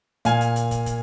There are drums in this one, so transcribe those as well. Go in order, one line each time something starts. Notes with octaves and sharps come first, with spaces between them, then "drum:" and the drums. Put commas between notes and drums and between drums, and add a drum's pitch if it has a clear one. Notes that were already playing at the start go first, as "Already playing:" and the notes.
A#2 F5 G#5, drum: hi-hat
drum: hi-hat
drum: hi-hat
drum: kick, hi-hat
drum: kick, hi-hat